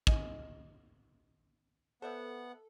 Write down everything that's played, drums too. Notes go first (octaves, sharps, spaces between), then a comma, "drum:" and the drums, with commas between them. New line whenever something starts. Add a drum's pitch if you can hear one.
D#4 G#4 D#5, drum: kick
B3 A4 C5 D5 E5 F#5